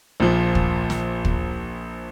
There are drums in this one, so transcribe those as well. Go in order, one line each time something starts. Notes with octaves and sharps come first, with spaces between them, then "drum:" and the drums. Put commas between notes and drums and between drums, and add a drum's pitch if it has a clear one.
A#1 A#2 F3
drum: kick
drum: snare
drum: kick